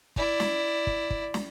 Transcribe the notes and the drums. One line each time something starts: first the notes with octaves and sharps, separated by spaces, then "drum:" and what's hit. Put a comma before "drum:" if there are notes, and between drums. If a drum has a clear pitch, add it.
E4 D5, drum: kick
drum: snare
drum: kick
drum: kick
drum: snare